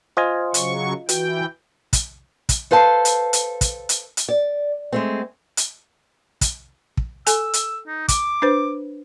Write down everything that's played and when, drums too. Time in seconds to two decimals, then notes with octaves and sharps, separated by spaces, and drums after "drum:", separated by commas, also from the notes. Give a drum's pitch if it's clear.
0.17 F4 C5 D#5 G#5
0.54 C#3 F#3 C#6, drum: hi-hat
1.09 E3 F#4 B4 G5, drum: hi-hat
1.93 drum: kick, hi-hat
2.49 drum: kick, hi-hat
2.71 A4 B4 C5 F5 A5
3.05 drum: hi-hat
3.33 drum: hi-hat
3.61 drum: kick, hi-hat
3.89 drum: hi-hat
4.17 drum: hi-hat
4.29 D5
4.92 G#3 A3 C4
5.57 drum: hi-hat
6.41 drum: kick, hi-hat
6.97 drum: kick
7.27 A4 G#5 E6, drum: hi-hat
7.53 drum: hi-hat
7.87 D#4
8.08 D6, drum: kick, hi-hat
8.42 D4 B4 C5